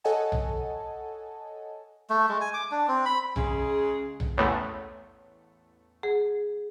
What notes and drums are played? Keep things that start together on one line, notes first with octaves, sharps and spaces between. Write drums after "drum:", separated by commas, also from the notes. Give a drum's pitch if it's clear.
A4 C#5 D#5 F#5 G#5 A5
drum: tom B1
A3
G#3
G#5
D6
D4
C4
B5
C#3 G#3 G#4, drum: tom B1
drum: tom B1
A1 E2 A3 C#5
G#4 F#5